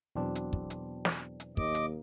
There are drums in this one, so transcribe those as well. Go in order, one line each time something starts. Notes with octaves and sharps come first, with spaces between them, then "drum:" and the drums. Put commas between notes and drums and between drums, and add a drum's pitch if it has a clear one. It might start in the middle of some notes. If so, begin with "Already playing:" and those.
E2 B2 F#3 C4 D4
drum: hi-hat
drum: kick
drum: hi-hat
drum: snare
drum: hi-hat
D#2 A#3 D#5 D6, drum: kick
drum: hi-hat